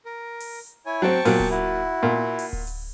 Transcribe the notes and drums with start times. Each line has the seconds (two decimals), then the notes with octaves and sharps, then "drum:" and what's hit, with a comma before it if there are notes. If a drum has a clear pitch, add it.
0.05 A#4
0.40 drum: open hi-hat
0.86 E4 C#5 G#5
1.02 F#3 C4 G5 A5 C#6
1.25 A#2 F#3, drum: open hi-hat
1.40 drum: kick D1
1.51 E4 F#4
2.03 A#2
2.39 drum: open hi-hat
2.53 drum: kick D1
2.67 drum: open hi-hat